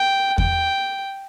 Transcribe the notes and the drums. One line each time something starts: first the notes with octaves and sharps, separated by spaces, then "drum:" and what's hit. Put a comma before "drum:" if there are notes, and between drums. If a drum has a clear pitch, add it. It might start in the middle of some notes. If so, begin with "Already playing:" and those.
Already playing: G5
G5, drum: kick E2